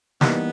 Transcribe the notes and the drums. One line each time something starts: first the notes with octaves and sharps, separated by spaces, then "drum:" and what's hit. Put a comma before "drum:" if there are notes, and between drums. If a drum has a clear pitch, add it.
E3 G3 A#3 B3 D#4, drum: snare